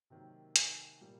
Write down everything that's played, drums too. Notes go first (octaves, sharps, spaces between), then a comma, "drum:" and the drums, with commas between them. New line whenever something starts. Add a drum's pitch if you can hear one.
C3 D#3 F#3 A#3
G#5, drum: hi-hat
A#2 G3 A#3